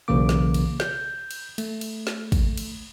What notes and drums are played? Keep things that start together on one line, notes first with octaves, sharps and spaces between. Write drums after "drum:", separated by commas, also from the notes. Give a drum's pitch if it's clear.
B1 C#3 E3 A#3 D6
drum: snare
drum: cymbal
G6, drum: snare
drum: cymbal
A3, drum: cymbal
drum: cymbal
drum: snare
drum: kick, cymbal
drum: cymbal